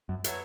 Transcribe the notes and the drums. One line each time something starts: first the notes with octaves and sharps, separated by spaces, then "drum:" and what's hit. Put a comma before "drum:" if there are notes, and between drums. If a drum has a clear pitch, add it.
F#2
F#3 B3 E4 A4 C#5, drum: hi-hat